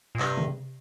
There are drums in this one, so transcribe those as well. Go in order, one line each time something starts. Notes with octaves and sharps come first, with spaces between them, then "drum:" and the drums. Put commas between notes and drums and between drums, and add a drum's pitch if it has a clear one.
A#2
G2 C3, drum: clap
drum: tom